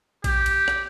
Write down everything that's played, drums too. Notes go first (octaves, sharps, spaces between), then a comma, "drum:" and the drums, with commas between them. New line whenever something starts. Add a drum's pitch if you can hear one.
G4, drum: kick A#1, cymbal
drum: cymbal
drum: rim click